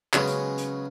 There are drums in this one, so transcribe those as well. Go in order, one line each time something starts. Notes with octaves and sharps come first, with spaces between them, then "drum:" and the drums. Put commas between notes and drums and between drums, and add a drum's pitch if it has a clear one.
C#3 F#3 G#3 B3 C#4, drum: clap
drum: hi-hat
drum: hi-hat